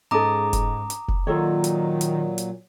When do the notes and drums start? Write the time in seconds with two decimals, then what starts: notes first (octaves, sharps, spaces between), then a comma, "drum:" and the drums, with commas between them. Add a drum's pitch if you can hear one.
0.11 G#2 C#4 D#4 A4 A#5 D6 D#6
0.53 drum: kick F1, hi-hat
0.90 drum: hi-hat
1.08 drum: kick F1
1.27 A#2 D#3 F#3 F4 A4 C#5
1.64 drum: hi-hat
2.01 drum: hi-hat
2.38 drum: hi-hat